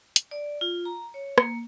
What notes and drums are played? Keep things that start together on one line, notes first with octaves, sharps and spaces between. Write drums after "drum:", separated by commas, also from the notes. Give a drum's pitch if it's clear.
drum: hi-hat
D5
F4
A#5
C#5
A#3, drum: rim click